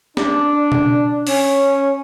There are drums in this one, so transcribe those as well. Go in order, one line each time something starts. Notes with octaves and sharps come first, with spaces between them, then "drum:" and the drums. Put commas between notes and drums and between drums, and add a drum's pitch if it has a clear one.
D4, drum: snare
drum: tom B2
C#4, drum: open hi-hat